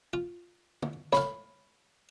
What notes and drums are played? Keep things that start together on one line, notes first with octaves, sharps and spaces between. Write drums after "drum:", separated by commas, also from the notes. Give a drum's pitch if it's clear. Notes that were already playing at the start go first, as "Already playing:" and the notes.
F4
drum: tom
C#5 F5 B5, drum: snare